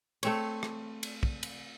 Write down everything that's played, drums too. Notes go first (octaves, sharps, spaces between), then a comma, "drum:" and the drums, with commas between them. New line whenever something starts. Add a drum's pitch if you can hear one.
A3 C4 C#5, drum: cymbal
drum: rim click
drum: cymbal
drum: kick
drum: cymbal